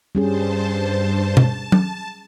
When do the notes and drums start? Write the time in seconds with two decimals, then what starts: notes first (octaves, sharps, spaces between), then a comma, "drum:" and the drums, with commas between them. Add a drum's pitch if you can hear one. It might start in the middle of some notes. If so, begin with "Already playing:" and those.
0.15 G2 G3 C#4 G#4 C5 A5
1.37 A5, drum: tom B2
1.72 drum: tom F#3